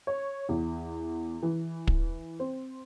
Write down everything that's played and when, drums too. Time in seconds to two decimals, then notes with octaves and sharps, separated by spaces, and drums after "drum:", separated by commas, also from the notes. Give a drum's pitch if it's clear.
0.07 C#5
0.49 E2
1.43 E3
1.87 drum: kick
2.40 C4